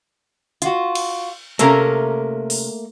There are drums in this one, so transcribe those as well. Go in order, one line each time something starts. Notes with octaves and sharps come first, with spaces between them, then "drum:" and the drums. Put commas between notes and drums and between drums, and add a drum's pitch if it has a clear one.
F4 F#4, drum: hi-hat
drum: cymbal
C3 A3 A#3 C#4 A#4, drum: hi-hat
drum: open hi-hat